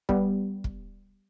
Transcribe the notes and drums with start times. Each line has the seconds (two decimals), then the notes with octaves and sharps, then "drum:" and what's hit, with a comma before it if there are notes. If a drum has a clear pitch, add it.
0.09 G3 B3, drum: kick
0.64 drum: kick